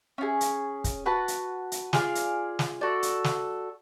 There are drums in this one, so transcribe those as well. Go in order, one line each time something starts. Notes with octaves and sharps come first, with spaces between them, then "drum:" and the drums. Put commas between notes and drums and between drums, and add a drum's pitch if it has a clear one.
C#4 F4 G#4
drum: hi-hat
drum: kick, hi-hat
F#4 B4 F#5 A5
drum: hi-hat
drum: hi-hat
F4 G#4 D5 F5, drum: snare
drum: hi-hat
drum: snare
F#4 A4 D5
drum: hi-hat
drum: snare